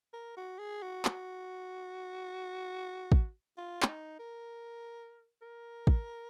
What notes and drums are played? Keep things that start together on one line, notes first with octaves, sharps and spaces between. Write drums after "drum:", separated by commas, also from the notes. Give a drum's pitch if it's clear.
A#4
F#4
G#4
F#4
drum: clap
drum: kick
F4
C#4, drum: clap
D#4
A#4
A#4
drum: kick